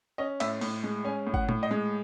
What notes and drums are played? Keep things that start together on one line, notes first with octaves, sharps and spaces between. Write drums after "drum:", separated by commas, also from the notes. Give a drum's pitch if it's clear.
C#4 D#5
A2 E5, drum: cymbal
A2, drum: open hi-hat
G#3
C#4 G#5
A2
F#5, drum: kick G1
A2, drum: tom A#2
D#5
G#3